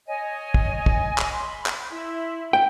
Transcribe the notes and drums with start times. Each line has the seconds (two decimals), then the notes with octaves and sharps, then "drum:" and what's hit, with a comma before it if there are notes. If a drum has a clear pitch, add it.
0.07 C#5 D#5 G#5
0.54 drum: kick
0.86 drum: kick
1.18 drum: clap
1.31 B5 C6
1.66 drum: clap
1.90 E4 E5 C6
2.53 G5